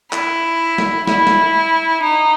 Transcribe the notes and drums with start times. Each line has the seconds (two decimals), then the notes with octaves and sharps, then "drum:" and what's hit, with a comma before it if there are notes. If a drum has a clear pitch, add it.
0.13 E4, drum: clap
0.78 drum: snare
1.07 E4, drum: snare
1.27 drum: snare
2.03 D#4